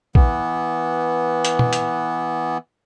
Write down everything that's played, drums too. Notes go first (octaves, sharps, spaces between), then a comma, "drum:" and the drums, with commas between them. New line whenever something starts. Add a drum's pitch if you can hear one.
E3 B3, drum: kick
drum: hi-hat
drum: tom B2
drum: hi-hat